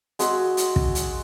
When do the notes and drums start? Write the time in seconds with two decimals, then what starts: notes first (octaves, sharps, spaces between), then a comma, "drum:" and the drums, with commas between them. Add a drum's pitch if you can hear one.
0.19 G#3 F#4 E5 C6, drum: hi-hat
0.57 drum: hi-hat
0.76 drum: kick
0.95 drum: hi-hat